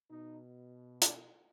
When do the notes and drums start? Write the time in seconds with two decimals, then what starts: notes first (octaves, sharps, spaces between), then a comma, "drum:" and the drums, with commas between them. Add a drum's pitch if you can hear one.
0.10 B2 D#4
1.02 D4, drum: hi-hat